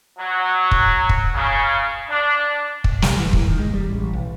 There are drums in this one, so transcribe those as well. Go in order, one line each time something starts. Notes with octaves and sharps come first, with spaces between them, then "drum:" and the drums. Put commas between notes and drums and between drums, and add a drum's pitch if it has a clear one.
F#3
drum: kick
drum: kick
C#3
D4
drum: kick
G3, drum: snare
E3
D#1, drum: kick
D#3
G#3
G3
A1
B1